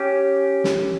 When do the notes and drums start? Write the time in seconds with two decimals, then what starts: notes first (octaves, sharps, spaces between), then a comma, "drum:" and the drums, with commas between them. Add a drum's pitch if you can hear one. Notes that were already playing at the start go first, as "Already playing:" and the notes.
Already playing: C#4 G4
0.64 drum: snare